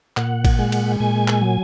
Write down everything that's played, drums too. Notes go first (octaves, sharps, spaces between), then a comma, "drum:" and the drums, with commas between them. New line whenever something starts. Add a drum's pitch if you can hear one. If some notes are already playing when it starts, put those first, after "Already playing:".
A#2 F#5, drum: clap
drum: kick G#1, cymbal
G#3
drum: cymbal
A#2 G#5
drum: clap
F#3